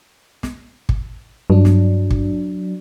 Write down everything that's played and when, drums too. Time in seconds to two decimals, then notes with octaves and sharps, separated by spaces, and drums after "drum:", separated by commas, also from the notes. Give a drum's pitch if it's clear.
0.43 drum: snare
0.89 drum: kick
1.50 G2 F#3 D4
1.65 drum: snare
2.11 drum: kick